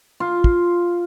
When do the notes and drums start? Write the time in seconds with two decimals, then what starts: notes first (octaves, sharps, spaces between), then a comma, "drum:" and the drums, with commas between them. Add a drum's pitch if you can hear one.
0.20 F4
0.44 drum: kick